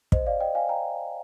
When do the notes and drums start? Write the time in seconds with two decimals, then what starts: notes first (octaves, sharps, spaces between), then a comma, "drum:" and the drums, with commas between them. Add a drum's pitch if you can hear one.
0.12 C5 D#5, drum: kick
0.26 D5 F5
0.40 D#5 G5
0.55 F5 G#5
0.69 G5 A#5